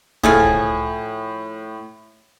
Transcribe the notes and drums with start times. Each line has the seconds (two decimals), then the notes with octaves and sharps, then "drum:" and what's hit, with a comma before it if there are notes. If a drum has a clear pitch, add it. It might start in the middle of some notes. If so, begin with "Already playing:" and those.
0.24 A2 F3 A3 G#4, drum: kick
0.45 drum: kick